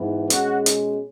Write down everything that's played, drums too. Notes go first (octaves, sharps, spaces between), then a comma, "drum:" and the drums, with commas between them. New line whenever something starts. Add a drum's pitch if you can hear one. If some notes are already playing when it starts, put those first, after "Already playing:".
Already playing: G#2 E3 B3
B2 G#3 C#4 F#4, drum: hi-hat
drum: hi-hat